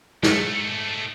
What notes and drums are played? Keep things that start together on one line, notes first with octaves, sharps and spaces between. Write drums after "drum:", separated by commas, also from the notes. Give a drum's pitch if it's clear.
G#2 A3, drum: snare